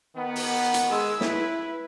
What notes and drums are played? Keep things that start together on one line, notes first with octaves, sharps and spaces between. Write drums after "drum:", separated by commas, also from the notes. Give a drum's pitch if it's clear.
D#3 B3
drum: open hi-hat
drum: hi-hat
G#3 E6
E4 B4, drum: snare